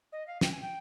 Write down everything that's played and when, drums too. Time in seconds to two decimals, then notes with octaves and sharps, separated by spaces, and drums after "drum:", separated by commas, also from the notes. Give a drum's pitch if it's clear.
0.12 D#5
0.27 F5
0.41 G5, drum: snare
0.51 G#5
0.61 G5